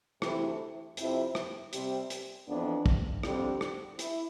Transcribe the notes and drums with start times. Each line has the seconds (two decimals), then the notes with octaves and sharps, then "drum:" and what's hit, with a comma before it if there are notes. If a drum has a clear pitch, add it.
0.22 D2 C3 E3 A3 E4, drum: rim click
0.97 F2 C3 F3 C4 E4, drum: hi-hat
1.35 drum: rim click
1.73 C3 G3 C4, drum: hi-hat
2.10 drum: hi-hat
2.48 F2 E3 B3 D4
2.86 drum: kick
3.23 F2 D3 G3 C4, drum: rim click
3.61 drum: rim click
3.99 E4, drum: hi-hat